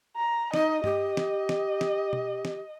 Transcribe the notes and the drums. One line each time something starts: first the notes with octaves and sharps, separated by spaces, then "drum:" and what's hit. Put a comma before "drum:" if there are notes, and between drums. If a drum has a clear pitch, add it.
A#5
D#4 D#5, drum: snare
G4 D#5, drum: tom G2
drum: snare
drum: snare
drum: snare
drum: tom B2
drum: snare